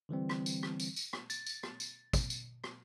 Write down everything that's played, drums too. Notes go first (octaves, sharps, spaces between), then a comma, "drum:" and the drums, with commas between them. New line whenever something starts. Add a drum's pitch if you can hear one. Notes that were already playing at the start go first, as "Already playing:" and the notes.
D3 E3 G3 C4
drum: rim click
drum: tambourine
drum: rim click
drum: tambourine
drum: tambourine
drum: rim click
A6, drum: tambourine
drum: tambourine
drum: rim click
drum: tambourine
drum: kick, tambourine
drum: tambourine
drum: rim click